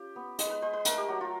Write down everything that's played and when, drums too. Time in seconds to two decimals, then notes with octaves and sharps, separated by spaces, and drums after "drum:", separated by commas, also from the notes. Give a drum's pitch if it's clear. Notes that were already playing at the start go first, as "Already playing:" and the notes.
Already playing: C#4 F4 G4
0.16 B3
0.39 G#3 B4, drum: hi-hat
0.50 B4
0.62 G#3 C5
0.73 B4
0.85 A3 A#4, drum: hi-hat
0.98 G4
1.08 F#3 F#4
1.21 F4